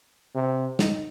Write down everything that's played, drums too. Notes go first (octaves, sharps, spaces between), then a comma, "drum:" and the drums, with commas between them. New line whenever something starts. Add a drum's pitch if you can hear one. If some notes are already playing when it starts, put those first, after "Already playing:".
C3
D#4, drum: snare